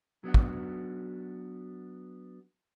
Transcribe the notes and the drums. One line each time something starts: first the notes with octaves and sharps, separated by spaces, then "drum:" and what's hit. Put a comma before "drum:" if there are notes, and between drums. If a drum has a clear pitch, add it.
F#3 B3 D4 F#4
drum: kick